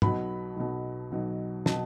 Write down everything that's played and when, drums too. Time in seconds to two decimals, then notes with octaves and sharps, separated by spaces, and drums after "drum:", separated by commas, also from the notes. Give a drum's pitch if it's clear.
0.02 B1 B2 F#3 B5, drum: tom
0.56 B1 B2 F#3
1.12 B1 B2 F#3
1.66 B2 F#3 A5, drum: snare